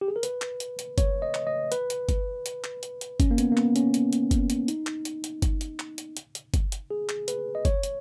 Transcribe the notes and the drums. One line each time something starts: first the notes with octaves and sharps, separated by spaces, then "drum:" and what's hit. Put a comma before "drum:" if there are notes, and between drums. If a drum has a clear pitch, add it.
G4
G#4
A#4
B4, drum: hi-hat
drum: clap
drum: hi-hat
drum: hi-hat
C#5, drum: kick G1, hi-hat
D#5
drum: clap
D#5
B4, drum: hi-hat
drum: hi-hat
drum: kick G1, hi-hat
drum: hi-hat
drum: clap
drum: hi-hat
drum: hi-hat
C#4, drum: kick G1, hi-hat
A#3
B3, drum: hi-hat
A#3
B3, drum: clap
C#4, drum: hi-hat
drum: hi-hat
drum: hi-hat
drum: kick G1, hi-hat
drum: hi-hat
D#4, drum: hi-hat
drum: clap
drum: hi-hat
drum: hi-hat
drum: kick G1, hi-hat
drum: hi-hat
drum: clap
drum: hi-hat
drum: hi-hat
drum: hi-hat
drum: kick G1, hi-hat
drum: hi-hat
G#4
drum: clap
B4, drum: hi-hat
D#5
C#5, drum: kick G1, hi-hat
drum: hi-hat